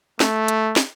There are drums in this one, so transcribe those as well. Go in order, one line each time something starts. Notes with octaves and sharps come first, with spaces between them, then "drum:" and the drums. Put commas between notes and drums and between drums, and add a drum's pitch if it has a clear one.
A3, drum: snare
drum: hi-hat
drum: snare